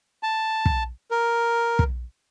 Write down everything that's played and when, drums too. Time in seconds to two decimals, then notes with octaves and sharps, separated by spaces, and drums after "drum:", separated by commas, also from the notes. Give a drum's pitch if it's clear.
0.23 A5
0.66 drum: kick
1.11 A#4
1.79 drum: kick